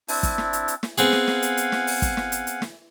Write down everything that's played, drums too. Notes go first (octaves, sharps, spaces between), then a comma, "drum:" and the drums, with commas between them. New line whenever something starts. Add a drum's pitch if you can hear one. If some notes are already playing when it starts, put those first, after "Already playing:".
C4 D4 E4, drum: open hi-hat
drum: kick, hi-hat
drum: snare
drum: hi-hat
drum: hi-hat
drum: snare
B3 C4 G#4 F5 F#5 G#5, drum: hi-hat
drum: snare
drum: snare
drum: hi-hat
drum: hi-hat
drum: snare
drum: open hi-hat
drum: kick, hi-hat
drum: snare
drum: hi-hat
drum: hi-hat
drum: snare